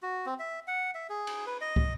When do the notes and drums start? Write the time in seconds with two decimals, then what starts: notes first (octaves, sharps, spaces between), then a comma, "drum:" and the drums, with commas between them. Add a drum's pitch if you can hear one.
0.03 F#4
0.26 C4
0.39 E5
0.67 F#5
0.95 E5
1.09 G#4
1.27 drum: cymbal
1.47 B4
1.61 D#5
1.76 drum: kick